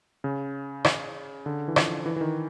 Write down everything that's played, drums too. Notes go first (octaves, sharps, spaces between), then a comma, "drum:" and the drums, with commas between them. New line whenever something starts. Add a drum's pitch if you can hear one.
C#3
drum: rim click
D3
E3
F3, drum: rim click
E3
E3
D#3